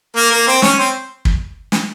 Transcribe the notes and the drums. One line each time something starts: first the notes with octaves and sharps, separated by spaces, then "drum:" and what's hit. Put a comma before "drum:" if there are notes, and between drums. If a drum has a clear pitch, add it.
A#3 A#4
A#3 A#4
C4 C5
C#4 C#5, drum: snare
C4 C5
drum: kick
drum: snare